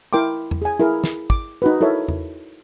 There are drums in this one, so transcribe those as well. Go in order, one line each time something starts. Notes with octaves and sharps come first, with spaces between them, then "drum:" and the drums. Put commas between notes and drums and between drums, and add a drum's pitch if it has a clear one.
E4 A#4 G5 C6 D6
drum: tom E2
G#4 G#5
E4 G#4 A#4 G#5
drum: snare
D6, drum: kick
D#4 F#4 B4
E4 A4 A#4 C#5 E5
drum: tom E2